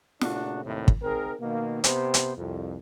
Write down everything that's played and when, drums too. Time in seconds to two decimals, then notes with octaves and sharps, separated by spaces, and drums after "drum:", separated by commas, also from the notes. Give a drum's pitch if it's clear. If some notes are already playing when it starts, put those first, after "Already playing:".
0.22 A#2 C#3 A3 D4 F#4, drum: snare
0.64 D#2 A2 C3
0.88 drum: kick
1.02 C4 D#4 G#4 A#4
1.40 B2 D#3 A#3
1.84 C3 B3 G4 C5, drum: hi-hat
2.14 drum: hi-hat
2.36 C2 F2